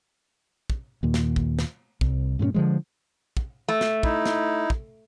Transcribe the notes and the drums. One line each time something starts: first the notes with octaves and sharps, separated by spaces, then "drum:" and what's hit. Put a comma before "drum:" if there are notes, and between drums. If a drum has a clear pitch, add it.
drum: kick
D#2 A#2
drum: snare
drum: kick
drum: snare
C2, drum: kick
G2 A#2 G3 C#4
D3 F3 G#3
drum: kick
A3
drum: snare
D#4 E4, drum: kick
drum: snare
drum: kick